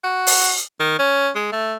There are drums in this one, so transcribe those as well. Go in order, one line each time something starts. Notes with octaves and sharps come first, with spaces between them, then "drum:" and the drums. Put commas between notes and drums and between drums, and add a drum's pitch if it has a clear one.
F#4
drum: open hi-hat
D#3
C#4
G#3
A3